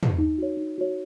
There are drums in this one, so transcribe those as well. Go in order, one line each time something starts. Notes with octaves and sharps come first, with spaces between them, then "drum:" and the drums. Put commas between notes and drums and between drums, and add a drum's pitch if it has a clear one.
drum: tom
D#4
F#4 C#5
D#4
F#4 C#5